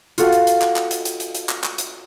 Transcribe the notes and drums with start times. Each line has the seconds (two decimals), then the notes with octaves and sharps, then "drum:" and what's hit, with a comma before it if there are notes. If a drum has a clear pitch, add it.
0.18 F4 F#4 A4 F5, drum: hi-hat
0.32 drum: hi-hat
0.47 drum: hi-hat
0.62 drum: clap
0.76 drum: clap
0.91 drum: hi-hat
1.05 drum: hi-hat
1.20 drum: hi-hat
1.35 drum: hi-hat
1.49 drum: clap
1.64 drum: clap
1.78 drum: hi-hat